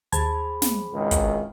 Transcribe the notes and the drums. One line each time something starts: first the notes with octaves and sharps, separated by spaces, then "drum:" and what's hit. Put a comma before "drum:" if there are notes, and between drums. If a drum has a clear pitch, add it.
D#2 G#4 C5 A5 B5 G#6, drum: hi-hat
drum: snare
G#1 C#2 D#3
drum: kick, hi-hat